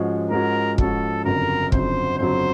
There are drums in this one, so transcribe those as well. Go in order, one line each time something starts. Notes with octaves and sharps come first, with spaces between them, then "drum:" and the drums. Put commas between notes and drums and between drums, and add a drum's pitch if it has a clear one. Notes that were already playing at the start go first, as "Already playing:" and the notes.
Already playing: G#2 F3 G#3 C#4 F#4
G#2 F3 G#3 C#4 F#4 A#4
G#2 F3 G#3 C#4 F#4 A4, drum: kick
G1 F2 C#3 F#3 A#4
G1 F2 C#3 F#3 C5, drum: kick
G1 F2 C#3 F#3 C5